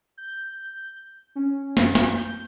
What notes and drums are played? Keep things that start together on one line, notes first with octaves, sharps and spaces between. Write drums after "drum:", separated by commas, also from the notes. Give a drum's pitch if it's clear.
G6
C#4
F#2, drum: snare
drum: snare
G6